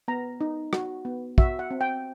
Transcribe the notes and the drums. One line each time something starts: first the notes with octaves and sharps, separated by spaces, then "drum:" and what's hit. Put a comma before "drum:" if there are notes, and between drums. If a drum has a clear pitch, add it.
B3 A#5
D#4
F#4, drum: rim click
B3
F#4 E5, drum: kick
F#5
C4
G5